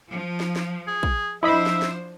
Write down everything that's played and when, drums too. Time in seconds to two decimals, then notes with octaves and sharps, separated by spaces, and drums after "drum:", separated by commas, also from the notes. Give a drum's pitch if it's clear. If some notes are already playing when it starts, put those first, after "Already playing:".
0.11 F3
0.40 drum: snare
0.56 drum: snare
0.87 G#4
1.03 drum: kick
1.43 F3 D4 E4 C5 D#5 E5 B5
1.66 drum: snare
1.82 drum: snare